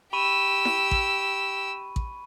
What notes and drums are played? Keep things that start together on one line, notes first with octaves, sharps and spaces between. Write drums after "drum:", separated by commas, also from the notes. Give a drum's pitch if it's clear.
G4 B5 C#6 E6 D#7
drum: snare E4
drum: kick A1
drum: kick A1